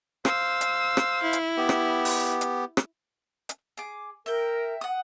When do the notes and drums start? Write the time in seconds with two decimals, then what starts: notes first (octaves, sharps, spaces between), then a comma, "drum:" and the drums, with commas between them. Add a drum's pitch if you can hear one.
0.25 C5 F5 E6, drum: rim click
0.61 drum: hi-hat
0.97 drum: rim click
1.23 E4
1.33 drum: hi-hat
1.57 B3 G4
1.69 drum: rim click
2.05 drum: open hi-hat
2.41 drum: hi-hat
2.77 drum: rim click
3.49 drum: hi-hat
3.77 G#4 D6
4.26 A#4 E5 G5
4.81 F#5 D#6